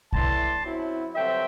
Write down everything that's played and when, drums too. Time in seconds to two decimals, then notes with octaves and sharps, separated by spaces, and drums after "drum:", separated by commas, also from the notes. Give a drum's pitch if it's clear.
0.13 A2 E3 A3 D4 A5 C6, drum: kick
0.63 F#2 F#3 C4 E4
1.14 G2 D3 F#3 C4 E5 G5